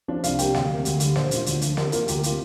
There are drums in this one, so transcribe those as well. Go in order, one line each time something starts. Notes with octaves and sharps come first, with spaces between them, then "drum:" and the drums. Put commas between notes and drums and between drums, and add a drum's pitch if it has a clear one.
F3 D4
C2 F5, drum: hi-hat
C3 G3 A#3 G5, drum: hi-hat
D2 F5, drum: snare
C3 A#3
D2, drum: hi-hat
D3 G3, drum: hi-hat
A#2 C5, drum: snare
A#3 D4 F4, drum: hi-hat
D2, drum: hi-hat
D3 F3, drum: hi-hat
C3 A#4, drum: snare
A#3 F4 A#4, drum: hi-hat
D2 G4, drum: hi-hat
C3 A#3 F4, drum: hi-hat